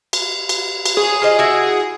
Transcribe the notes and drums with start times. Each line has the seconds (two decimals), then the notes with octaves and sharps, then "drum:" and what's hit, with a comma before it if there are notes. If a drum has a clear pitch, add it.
0.13 drum: cymbal
0.49 drum: cymbal
0.86 drum: cymbal
0.97 G#4 C#5
1.22 F4 C5 D#5
1.39 E4 F#4